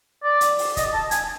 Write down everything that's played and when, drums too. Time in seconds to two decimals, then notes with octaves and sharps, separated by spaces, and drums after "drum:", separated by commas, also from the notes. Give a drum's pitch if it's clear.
0.24 D5
0.41 drum: hi-hat
0.58 drum: open hi-hat
0.77 D#5, drum: kick, hi-hat
0.93 A5
1.11 G#5, drum: hi-hat